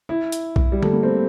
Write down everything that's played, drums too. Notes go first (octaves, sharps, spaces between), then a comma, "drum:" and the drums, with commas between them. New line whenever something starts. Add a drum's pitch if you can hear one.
E4
drum: hi-hat
drum: kick B1
G3
A3, drum: tom D3
A#3
C4